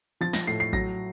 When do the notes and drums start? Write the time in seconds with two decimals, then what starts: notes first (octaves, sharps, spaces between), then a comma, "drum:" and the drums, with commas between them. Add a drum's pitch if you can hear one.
0.21 F3 A6
0.33 A#6, drum: snare
0.47 A2 C7
0.60 C7
0.73 F#3 A#6, drum: kick A1